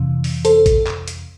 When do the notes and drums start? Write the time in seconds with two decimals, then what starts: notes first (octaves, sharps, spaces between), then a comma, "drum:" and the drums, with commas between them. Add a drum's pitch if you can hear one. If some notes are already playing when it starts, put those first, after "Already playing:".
Already playing: F2 C3 E3
0.24 drum: open hi-hat
0.45 A4 C5, drum: hi-hat
0.66 drum: kick A1, hi-hat
0.87 drum: clap
1.08 drum: hi-hat